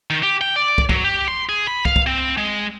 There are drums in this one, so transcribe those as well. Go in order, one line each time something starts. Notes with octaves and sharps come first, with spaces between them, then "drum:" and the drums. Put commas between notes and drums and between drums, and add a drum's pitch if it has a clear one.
D#3
G4
G5
D5
drum: kick
F#3, drum: kick
G4
C6
G#4
B5
F5, drum: kick
drum: kick
C4
G#3